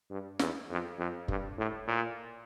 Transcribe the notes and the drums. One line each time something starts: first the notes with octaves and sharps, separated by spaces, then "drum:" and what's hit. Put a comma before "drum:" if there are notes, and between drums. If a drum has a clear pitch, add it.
G2
E2, drum: snare
F2
F2
G2, drum: kick
A2
A#2